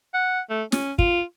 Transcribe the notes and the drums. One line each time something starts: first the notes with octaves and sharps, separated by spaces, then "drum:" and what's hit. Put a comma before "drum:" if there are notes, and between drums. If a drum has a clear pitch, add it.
F#5
A3
C#4, drum: snare
F4, drum: kick